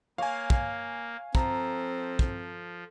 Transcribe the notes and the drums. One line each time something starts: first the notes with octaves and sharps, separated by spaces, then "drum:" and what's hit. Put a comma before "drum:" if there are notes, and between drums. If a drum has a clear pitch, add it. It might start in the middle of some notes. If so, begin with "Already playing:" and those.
A#3 C#5 F5 G#5
drum: kick
F3 C4 A4 A#5, drum: kick
drum: kick